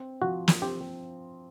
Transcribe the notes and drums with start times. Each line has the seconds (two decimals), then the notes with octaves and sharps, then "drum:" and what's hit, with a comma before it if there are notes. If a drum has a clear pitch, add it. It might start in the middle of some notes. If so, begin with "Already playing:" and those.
Already playing: C4
0.22 F3 F#4
0.48 drum: snare
0.62 C4 G4